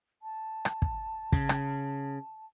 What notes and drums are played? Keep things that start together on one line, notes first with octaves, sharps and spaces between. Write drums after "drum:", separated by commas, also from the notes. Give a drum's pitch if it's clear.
A5
drum: rim click
drum: kick
C#3, drum: kick
drum: rim click